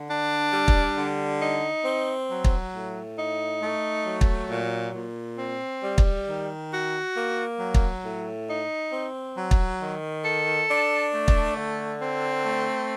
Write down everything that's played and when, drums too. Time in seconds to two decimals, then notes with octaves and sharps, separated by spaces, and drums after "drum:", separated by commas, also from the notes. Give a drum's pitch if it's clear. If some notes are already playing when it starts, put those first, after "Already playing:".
Already playing: D3
0.09 D4
0.53 G3
0.68 drum: kick
0.97 D3
1.41 D#4
1.85 C4
2.30 F#3
2.44 drum: kick
2.74 A2
3.19 D#4
3.62 A3
4.06 F#3
4.21 drum: kick
4.50 A#2
4.94 A#2
5.38 C4
5.83 G3
5.98 drum: kick
6.27 D#3
6.71 F#4
7.16 A#3
7.59 F#3
7.74 drum: kick
8.05 A2
8.48 D#4
8.92 C4
9.36 F#3
9.51 drum: kick
9.81 D#3
10.24 A4
10.69 D4
11.14 A3
11.28 drum: kick
11.57 D3
12.01 C4
12.46 A3